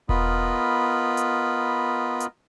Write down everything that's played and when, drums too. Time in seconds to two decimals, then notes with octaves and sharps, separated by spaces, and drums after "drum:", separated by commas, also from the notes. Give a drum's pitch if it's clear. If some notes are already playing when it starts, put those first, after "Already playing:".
0.09 B3 F4 A#4 D#5 B5, drum: kick E1
1.17 drum: hi-hat
2.20 drum: hi-hat